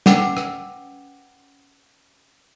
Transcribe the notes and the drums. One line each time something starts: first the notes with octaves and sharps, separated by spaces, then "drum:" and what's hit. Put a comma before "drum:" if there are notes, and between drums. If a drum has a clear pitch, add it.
C#4 B4 F#5 G5 D6 E6, drum: snare
drum: rim click